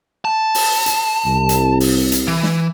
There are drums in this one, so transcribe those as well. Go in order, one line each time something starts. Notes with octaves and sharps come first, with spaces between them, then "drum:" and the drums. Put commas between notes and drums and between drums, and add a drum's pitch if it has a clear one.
A5
drum: open hi-hat
drum: hi-hat
C2
drum: hi-hat
drum: open hi-hat
drum: hi-hat
E3
drum: snare